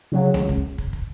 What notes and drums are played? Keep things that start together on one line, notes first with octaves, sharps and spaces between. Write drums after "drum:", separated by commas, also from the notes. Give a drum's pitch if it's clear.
C#3 F#3
C#2, drum: snare A3
drum: kick
drum: kick
drum: kick